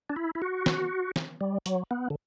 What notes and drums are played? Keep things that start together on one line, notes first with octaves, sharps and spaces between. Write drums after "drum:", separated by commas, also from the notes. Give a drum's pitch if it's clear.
D4
E4
E4
F#4
drum: snare
drum: snare
G3
F#3, drum: hi-hat
B3
D3